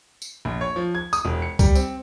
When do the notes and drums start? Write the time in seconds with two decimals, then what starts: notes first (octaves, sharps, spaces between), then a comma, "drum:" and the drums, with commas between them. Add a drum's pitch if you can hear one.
0.22 drum: tambourine
0.45 A#1
0.61 C#5
0.76 F3
0.95 G#6
1.13 D#6, drum: tambourine
1.25 E1
1.42 C#7
1.59 G3, drum: kick C#2, tambourine
1.75 C4, drum: tambourine